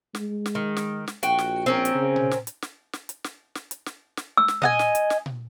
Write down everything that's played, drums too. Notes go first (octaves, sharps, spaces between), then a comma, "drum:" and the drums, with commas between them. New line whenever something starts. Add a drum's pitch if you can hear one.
G#3, drum: snare
drum: snare
D#3
drum: snare
drum: snare
A#1 F#4 G5, drum: hi-hat
drum: snare
C4 C#4 A#4
drum: hi-hat
C#3
drum: tom A#2
drum: snare
drum: hi-hat
drum: snare
drum: snare
drum: hi-hat
drum: snare
drum: snare
drum: hi-hat
drum: snare
drum: snare
E6
drum: snare
D#5 F#5 G#5, drum: tom A#2
drum: snare
drum: hi-hat
drum: snare
drum: tom A#2